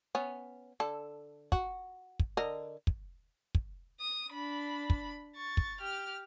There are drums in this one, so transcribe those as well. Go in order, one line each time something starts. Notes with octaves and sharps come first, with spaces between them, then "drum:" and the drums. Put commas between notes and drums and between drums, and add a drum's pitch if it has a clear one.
B3 C#4
D3 A4
F#4, drum: kick
drum: kick
D3 A#4 D#5
drum: kick
drum: kick
D#6
D4 B5
drum: kick
C#6 A6
drum: kick
G4 F6